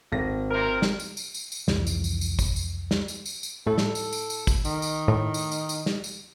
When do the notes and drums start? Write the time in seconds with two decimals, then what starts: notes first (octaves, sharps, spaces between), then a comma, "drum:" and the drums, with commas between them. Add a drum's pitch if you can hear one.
0.12 G#1 A#6
0.51 C3 A#4
0.82 drum: snare
1.00 drum: tambourine
1.17 drum: tambourine
1.34 drum: tambourine
1.52 drum: tambourine
1.68 C2 F2 E3, drum: snare
1.87 drum: tambourine
2.04 drum: tambourine
2.21 drum: tambourine
2.39 drum: kick, tambourine
2.56 drum: tambourine
2.91 drum: snare
3.08 drum: tambourine
3.26 drum: tambourine
3.43 drum: tambourine
3.67 A2 A4
3.78 drum: snare
3.95 drum: tambourine
4.13 drum: tambourine
4.30 drum: tambourine
4.47 drum: kick, tambourine
4.65 D#3, drum: tambourine
4.82 drum: tambourine
5.08 A2
5.34 drum: tambourine
5.52 drum: tambourine
5.69 drum: tambourine
5.86 drum: snare
6.04 drum: tambourine